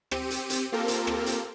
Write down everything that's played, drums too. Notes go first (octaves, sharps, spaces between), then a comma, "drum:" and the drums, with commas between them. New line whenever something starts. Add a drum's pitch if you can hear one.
C4 G4 C#7 D#7, drum: rim click
drum: hi-hat
drum: hi-hat
A#3 C4 F4 G4 A4 A#4
drum: hi-hat
drum: rim click
drum: hi-hat